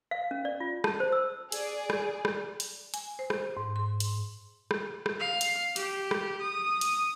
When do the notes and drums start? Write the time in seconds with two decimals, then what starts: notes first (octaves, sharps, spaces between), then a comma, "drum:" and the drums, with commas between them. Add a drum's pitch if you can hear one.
0.11 F5
0.31 C#4
0.45 D5
0.60 F4
0.84 A5, drum: rim click
1.00 C5
1.12 E6
1.52 G#4 D5, drum: hi-hat
1.90 drum: rim click
2.25 drum: rim click
2.60 drum: hi-hat
2.94 G#5, drum: hi-hat
3.19 C5
3.30 drum: rim click
3.57 G#2
3.76 C6
4.00 drum: hi-hat
4.71 drum: rim click
5.06 drum: rim click
5.20 F5
5.41 drum: hi-hat
5.76 G4, drum: hi-hat
6.11 drum: rim click
6.41 D#6
6.81 drum: hi-hat